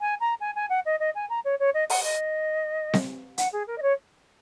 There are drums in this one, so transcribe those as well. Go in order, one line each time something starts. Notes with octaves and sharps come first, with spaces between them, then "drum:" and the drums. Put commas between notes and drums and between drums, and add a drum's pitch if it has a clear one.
G#5
A#5
G#5
G#5
F#5
D#5
D#5
G#5
A#5
C#5
C#5
D#5
F#5, drum: open hi-hat
D#5
drum: snare C4
F#5, drum: hi-hat
G#4
A#4
D#5
C#5